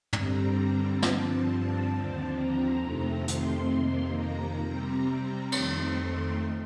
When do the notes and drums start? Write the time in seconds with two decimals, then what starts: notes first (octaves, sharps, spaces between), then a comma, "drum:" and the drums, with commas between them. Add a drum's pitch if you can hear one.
0.13 G2 D3 G3 C4 A#5, drum: tom
1.02 G2 D3 F3 C4 A5, drum: snare
1.93 D#2 D3 F3 C4
2.37 A#5
2.82 F2 C3 D#3 A3 C4
3.28 C6, drum: hi-hat
3.72 F2 C3 D#3 A#3
4.17 A#5
4.62 C3 G3 C4 A#5
5.52 F2 D#3 A3 C4 C6, drum: cymbal